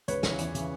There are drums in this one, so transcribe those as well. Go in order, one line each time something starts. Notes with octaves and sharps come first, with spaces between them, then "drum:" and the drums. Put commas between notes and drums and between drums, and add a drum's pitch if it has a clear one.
C#2 B4 C#5, drum: hi-hat
C#3 E3, drum: snare
E2, drum: hi-hat
C#3 E3, drum: hi-hat